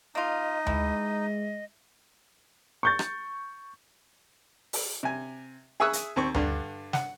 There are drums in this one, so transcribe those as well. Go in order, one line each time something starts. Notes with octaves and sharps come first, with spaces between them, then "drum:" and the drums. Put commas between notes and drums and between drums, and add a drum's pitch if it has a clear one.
A#3 D#4 F4 D#5
E3 G#3, drum: tom D2
C#6 G6 A6
drum: rim click
drum: open hi-hat
C3 G#5
G#4 E5 C#6 D#6 E6 F#6
drum: hi-hat
D#2 C4 C#6
G2 D3, drum: tom D2
F#5, drum: snare